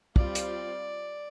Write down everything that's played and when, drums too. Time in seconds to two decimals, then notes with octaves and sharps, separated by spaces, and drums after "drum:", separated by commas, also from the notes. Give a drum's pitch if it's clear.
0.16 G3 C4 F4 D5, drum: kick
0.35 drum: hi-hat